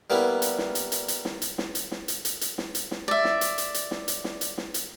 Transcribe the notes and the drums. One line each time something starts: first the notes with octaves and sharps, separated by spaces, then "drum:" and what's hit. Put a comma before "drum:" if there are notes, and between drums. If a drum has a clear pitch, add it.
G3 A#3 B3 E4
drum: hi-hat
drum: snare
drum: hi-hat
drum: hi-hat
drum: hi-hat
drum: snare
drum: hi-hat
drum: snare
drum: hi-hat
drum: snare
drum: hi-hat
drum: hi-hat
drum: hi-hat
drum: snare
drum: hi-hat
drum: snare
D5 E5
drum: snare
drum: hi-hat
drum: hi-hat
drum: hi-hat
drum: snare
drum: hi-hat
drum: snare
drum: hi-hat
drum: snare
drum: hi-hat